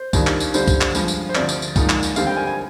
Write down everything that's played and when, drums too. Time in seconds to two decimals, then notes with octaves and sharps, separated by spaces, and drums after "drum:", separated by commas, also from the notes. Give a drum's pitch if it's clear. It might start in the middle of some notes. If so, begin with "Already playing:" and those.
Already playing: C5
0.13 D#2 D#3 G3 D4 F4, drum: kick, tambourine
0.27 drum: clap
0.40 drum: tambourine
0.54 D3 G3 D4 F4 C5, drum: tambourine
0.67 drum: kick, tambourine
0.81 drum: clap
0.95 G2 F3 G#3, drum: tambourine
1.08 drum: tambourine
1.29 C5
1.35 D2 C3 F3 D5, drum: clap
1.49 drum: tambourine
1.62 drum: tambourine
1.76 G#2 F3 A#3 D#4, drum: kick, tambourine
1.89 drum: clap
2.03 drum: tambourine
2.16 D#2 D3 G3 C4 F5, drum: tambourine
2.27 G5
2.37 G#5
2.47 G#5